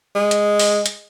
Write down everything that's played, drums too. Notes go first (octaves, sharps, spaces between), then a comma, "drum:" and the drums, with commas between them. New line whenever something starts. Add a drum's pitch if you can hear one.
G#3
drum: hi-hat
drum: open hi-hat
drum: hi-hat